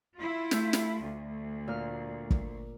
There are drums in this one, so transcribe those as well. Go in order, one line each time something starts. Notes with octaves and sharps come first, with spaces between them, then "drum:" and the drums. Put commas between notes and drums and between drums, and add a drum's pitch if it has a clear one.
E4 F4
A3 G6, drum: snare
drum: snare
D2
A#2 F6
drum: kick